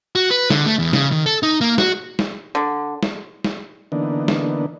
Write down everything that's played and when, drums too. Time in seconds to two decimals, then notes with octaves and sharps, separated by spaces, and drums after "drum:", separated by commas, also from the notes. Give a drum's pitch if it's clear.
0.15 F#4
0.31 B4
0.50 D3, drum: snare
0.66 A3
0.79 E2
0.93 C#3, drum: snare
1.12 D#3
1.26 A4
1.43 D#4
1.61 A#3
1.78 F#4, drum: snare
2.19 drum: snare
2.55 D3
3.03 drum: snare
3.44 drum: snare
3.92 D3 E3 A#3 B3 D4 D#4
4.28 drum: snare